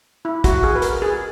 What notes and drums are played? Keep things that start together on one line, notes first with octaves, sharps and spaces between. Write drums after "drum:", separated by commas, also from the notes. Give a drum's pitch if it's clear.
E4
F#4, drum: kick, hi-hat
G#4
B4
A#4, drum: hi-hat
G#4